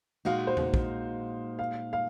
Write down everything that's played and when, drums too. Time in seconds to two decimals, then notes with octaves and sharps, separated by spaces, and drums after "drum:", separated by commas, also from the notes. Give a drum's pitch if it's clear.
0.25 A#2 G#3 D#4 F#4 F5
0.47 C5
0.57 drum: tom E2
0.74 drum: kick
1.59 F5
1.93 F5